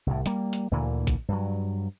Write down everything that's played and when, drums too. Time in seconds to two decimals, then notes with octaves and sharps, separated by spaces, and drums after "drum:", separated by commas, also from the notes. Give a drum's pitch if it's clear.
0.07 C2 A2
0.26 G3 A#3, drum: hi-hat
0.53 drum: hi-hat
0.71 D2 A#2 D3 E3
1.07 drum: kick, hi-hat
1.28 G2 F#3